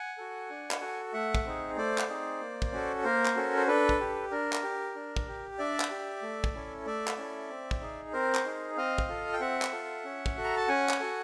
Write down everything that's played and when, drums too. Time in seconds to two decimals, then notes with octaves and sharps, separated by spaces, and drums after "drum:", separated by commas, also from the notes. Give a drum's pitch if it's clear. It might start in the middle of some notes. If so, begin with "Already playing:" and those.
Already playing: F#5 G#5
0.18 F#4 A4
0.50 D4
0.71 drum: clap
0.81 F#4 A4
1.13 A3 E5 F#5
1.35 drum: kick
1.45 C4 D#4 G#4
1.76 A3 C5 D5
1.98 drum: clap
2.09 C4 D#4 G#4
2.41 A#3
2.62 drum: kick
2.72 C#4 F#4 A4
3.04 A#3 A#4 C5
3.26 drum: clap
3.36 C#4 F#4 A4
3.56 C5
3.68 D4 A4 B4
3.89 drum: kick
4.00 G4
4.31 D4 A#4
4.53 drum: clap
4.63 G4
4.95 D4
5.16 drum: kick
5.28 G4
5.58 D4 D5 E5
5.80 drum: clap
5.90 G4
6.22 A3
6.44 drum: kick
6.55 C#4 E4 A4
6.86 A3 D5 E5
7.07 drum: clap
7.18 C#4 E4 A4
7.50 C4
7.71 drum: kick
7.81 D#4 G#4
8.13 C4 A#4 C5
8.35 drum: clap
8.45 D#4 G#4
8.77 C4 D#5 F5
8.98 drum: kick
9.08 F4 A4
9.33 G5
9.40 C4 E5 F#5
9.62 drum: clap
9.73 F4 A4
10.04 C#4
10.26 drum: kick
10.36 F#4 A4
10.44 A#5
10.57 A5
10.68 C#4 F#5 G#5
10.89 drum: clap
11.00 F#4 A4